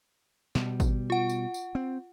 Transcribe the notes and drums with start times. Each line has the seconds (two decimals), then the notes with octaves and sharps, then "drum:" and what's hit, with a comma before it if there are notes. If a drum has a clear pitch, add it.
0.55 B2 G3, drum: snare
0.80 drum: kick G#1, tambourine
1.10 F4 F#5
1.29 drum: tambourine
1.54 drum: tambourine
1.75 C4